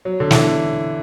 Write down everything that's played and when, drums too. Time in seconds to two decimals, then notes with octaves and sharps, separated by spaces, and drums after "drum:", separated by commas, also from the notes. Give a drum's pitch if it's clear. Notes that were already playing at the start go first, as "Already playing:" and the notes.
0.05 F#3
0.20 D3
0.31 E3, drum: snare
0.35 D3